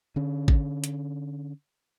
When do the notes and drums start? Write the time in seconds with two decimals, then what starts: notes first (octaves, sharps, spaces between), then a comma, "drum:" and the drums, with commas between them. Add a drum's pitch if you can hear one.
0.16 D3 C#4
0.48 drum: kick
0.84 drum: hi-hat